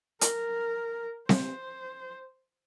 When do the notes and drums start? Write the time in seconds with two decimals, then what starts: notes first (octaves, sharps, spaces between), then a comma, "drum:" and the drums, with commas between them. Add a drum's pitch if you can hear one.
0.21 A#4, drum: hi-hat
1.29 C5, drum: snare C4